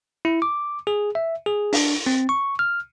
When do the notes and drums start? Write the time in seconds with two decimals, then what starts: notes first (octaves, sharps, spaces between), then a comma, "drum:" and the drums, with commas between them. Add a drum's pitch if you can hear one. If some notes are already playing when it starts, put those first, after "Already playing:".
0.25 E4
0.42 D6
0.87 G#4
1.15 E5
1.46 G#4
1.73 D4, drum: open hi-hat
2.07 C4
2.29 C#6
2.59 F6